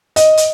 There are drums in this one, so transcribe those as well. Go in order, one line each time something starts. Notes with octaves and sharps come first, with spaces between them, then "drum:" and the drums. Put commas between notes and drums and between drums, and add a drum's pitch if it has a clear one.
D#5, drum: hi-hat
drum: hi-hat